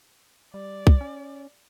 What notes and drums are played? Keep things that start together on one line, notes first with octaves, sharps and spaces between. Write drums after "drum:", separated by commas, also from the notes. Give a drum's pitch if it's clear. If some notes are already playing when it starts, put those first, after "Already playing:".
G3 D5
drum: kick C2
C#4